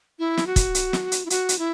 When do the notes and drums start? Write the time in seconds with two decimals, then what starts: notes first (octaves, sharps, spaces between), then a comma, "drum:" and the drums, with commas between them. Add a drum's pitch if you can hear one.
0.19 E4
0.37 drum: snare
0.47 F#4
0.56 drum: kick, hi-hat
0.75 drum: hi-hat
0.93 drum: snare
1.12 drum: hi-hat
1.26 E4
1.30 F#4, drum: hi-hat
1.49 drum: hi-hat
1.59 E4